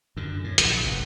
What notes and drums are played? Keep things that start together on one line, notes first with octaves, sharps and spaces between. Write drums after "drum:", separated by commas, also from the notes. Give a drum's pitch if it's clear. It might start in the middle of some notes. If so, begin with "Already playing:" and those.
F#2 D3
A2
A#1, drum: hi-hat
F1 F#2